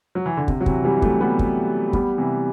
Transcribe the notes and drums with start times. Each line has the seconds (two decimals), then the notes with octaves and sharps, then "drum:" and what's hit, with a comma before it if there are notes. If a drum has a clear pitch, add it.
0.15 F#3
0.26 E3
0.37 D3
0.48 C3, drum: kick
0.61 F#3
0.66 C3 E3, drum: kick
0.84 E3 G3
1.02 F#3 A3, drum: kick
1.20 G3 B3
1.39 drum: kick
1.93 G3 B3, drum: kick
2.18 C3 E3